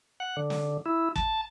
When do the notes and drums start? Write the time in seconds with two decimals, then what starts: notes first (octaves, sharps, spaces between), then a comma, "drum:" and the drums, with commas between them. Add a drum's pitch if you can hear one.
0.20 F#5
0.37 D3
0.50 drum: snare
0.86 E4
1.16 A5, drum: kick